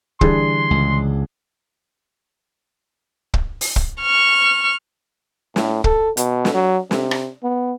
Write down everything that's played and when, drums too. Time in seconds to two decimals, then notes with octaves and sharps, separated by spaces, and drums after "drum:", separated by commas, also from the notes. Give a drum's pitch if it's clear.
0.21 D3 E3 G3 D4 G#4 C6, drum: kick
0.71 C#2
3.34 drum: kick
3.61 drum: open hi-hat
3.76 drum: kick
4.02 C#6 F6
5.56 A2, drum: snare
5.84 A4, drum: kick
6.17 B2, drum: hi-hat
6.45 drum: snare
6.54 F#3
6.91 C3, drum: snare
7.11 drum: rim click
7.43 B3